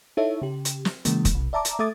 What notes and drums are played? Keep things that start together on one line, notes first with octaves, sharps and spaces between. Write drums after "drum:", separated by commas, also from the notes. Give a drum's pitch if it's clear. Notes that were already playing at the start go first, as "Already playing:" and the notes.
D#4 E4 A4 C#5 E5
C#3 G4
drum: hi-hat
drum: snare
C#3 E3 G#3 A#3, drum: hi-hat
drum: kick, hi-hat
B1 C3
D5 E5 A5 A#5 D6
drum: hi-hat
A3 A4 E5 D6 D#6 A6